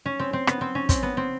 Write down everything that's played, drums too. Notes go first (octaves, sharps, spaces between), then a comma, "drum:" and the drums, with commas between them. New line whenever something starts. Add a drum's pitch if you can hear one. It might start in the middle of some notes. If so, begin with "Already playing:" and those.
C#4
C4
C4
B3, drum: rim click
C4
C#4
C4, drum: kick, hi-hat
B3
C4